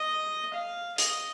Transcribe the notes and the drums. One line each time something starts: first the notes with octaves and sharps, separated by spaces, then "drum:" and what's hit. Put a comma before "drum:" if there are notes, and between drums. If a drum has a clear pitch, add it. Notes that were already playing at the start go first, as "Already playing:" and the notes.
Already playing: D#5
F5
D#5, drum: hi-hat